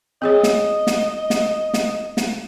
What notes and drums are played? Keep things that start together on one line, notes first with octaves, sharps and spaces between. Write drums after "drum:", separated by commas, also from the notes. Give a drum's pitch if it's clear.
C4 G#4 C#5 D#5
drum: snare
drum: snare
drum: snare
drum: snare
drum: snare